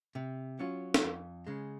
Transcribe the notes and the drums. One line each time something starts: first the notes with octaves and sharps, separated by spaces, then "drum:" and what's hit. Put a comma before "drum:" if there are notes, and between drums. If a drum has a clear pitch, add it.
C3
F#3 C#4 F4
drum: snare
F2
C#3 G#3